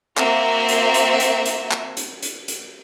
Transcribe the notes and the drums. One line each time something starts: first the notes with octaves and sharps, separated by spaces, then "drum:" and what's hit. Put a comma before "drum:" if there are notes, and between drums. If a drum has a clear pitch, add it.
A#3 C4 F#4 E5, drum: clap
drum: hi-hat
drum: hi-hat
drum: hi-hat
drum: hi-hat
drum: clap
drum: hi-hat
drum: hi-hat
drum: hi-hat